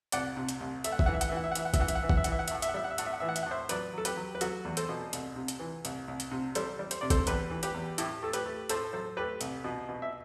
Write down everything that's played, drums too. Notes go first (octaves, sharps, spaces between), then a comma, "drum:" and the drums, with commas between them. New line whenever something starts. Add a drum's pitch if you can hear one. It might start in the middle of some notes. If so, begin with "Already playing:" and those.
C2 D5 F#5, drum: hi-hat
C3
drum: hi-hat
C2
A3 E5, drum: hi-hat
F#5
E5, drum: kick
E3 F#5
E5
F#5, drum: hi-hat
E5
E3 F#5
E5
F#5
E3 E5, drum: hi-hat
F#5
E5, drum: kick, hi-hat
E3 F#5
E5, drum: hi-hat
F#5
E3 E5
F#5, drum: kick
E5
E3 F#5, drum: hi-hat
E5
F#5
E5, drum: hi-hat
A2 F#5
E5, drum: hi-hat
F#5
G3 E5
F#5
E5
A2 F#5, drum: hi-hat
E5
F#5
E3 E5
F#5
E5, drum: hi-hat
F#5
A2 C5 E5
F#3 B4 D5, drum: hi-hat
F#3 A4
G4 B4, drum: hi-hat
F#3
B4
F#3 F#4 A4, drum: hi-hat
E2
A4 C5, drum: hi-hat
B2
C2, drum: hi-hat
C3
drum: hi-hat
E3
C2, drum: hi-hat
C2
drum: hi-hat
C3
G3 A4 C5, drum: hi-hat
G3
C5, drum: hi-hat
C3 D5
A4 C5, drum: kick, hi-hat
E2 G4 B4, drum: hi-hat
E3
G4 B4, drum: hi-hat
E2
A2 E4 G4, drum: hi-hat
A3 A4
G4 B4, drum: hi-hat
A3
A2 A4 C5, drum: hi-hat
F#3 A4 C5
A3 G4 B4
C2, drum: hi-hat
B2
B2
E5